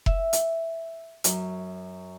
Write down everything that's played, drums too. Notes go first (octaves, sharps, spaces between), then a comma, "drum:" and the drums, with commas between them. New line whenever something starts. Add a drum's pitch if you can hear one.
E5, drum: kick F1
drum: hi-hat
F#2, drum: hi-hat